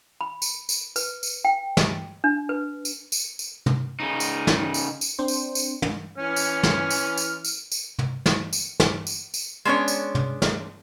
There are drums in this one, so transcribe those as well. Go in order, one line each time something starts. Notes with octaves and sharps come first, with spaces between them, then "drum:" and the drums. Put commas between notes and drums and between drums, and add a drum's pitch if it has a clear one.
B5
drum: tambourine
drum: tambourine
B4, drum: tambourine
drum: tambourine
G5
drum: snare
D4
B4
drum: tambourine
drum: tambourine
drum: tambourine
drum: tom
C#3 D#4
drum: tambourine
drum: snare
drum: tambourine
drum: tambourine
C4 D4 C5
drum: tambourine
drum: tambourine
drum: tom
E3 C#4 F6
drum: tambourine
drum: snare
drum: tambourine
drum: tambourine
drum: tambourine
drum: tambourine
drum: tom
drum: snare
drum: tambourine
drum: snare
drum: tambourine
drum: tambourine
G#3 B3 C#4 D4 C#5
drum: tambourine
drum: tom
drum: snare